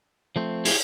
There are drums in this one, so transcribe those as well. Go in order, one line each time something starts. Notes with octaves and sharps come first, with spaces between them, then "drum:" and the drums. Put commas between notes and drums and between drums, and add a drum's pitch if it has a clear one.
F3 A3 C4
E4 G4 G#4, drum: open hi-hat